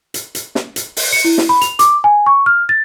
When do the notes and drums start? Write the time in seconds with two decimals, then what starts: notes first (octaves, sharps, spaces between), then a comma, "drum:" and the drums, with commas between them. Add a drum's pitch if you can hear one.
0.14 drum: hi-hat
0.35 drum: hi-hat
0.55 drum: snare
0.76 drum: hi-hat
0.97 drum: open hi-hat
1.12 C#7
1.24 E4
1.38 drum: snare
1.49 B5
1.61 F7, drum: hi-hat
1.79 D6, drum: hi-hat
2.04 G#5
2.26 C#6
2.46 F6
2.69 A6